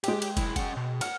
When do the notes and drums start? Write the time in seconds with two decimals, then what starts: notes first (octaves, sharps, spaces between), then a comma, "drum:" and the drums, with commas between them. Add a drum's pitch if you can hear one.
0.04 G#3 G4 G5, drum: cymbal
0.22 drum: cymbal
0.37 B1 E4, drum: kick, cymbal
0.56 C#4 F#5, drum: kick, cymbal
0.76 B2
1.01 F#5 F6, drum: cymbal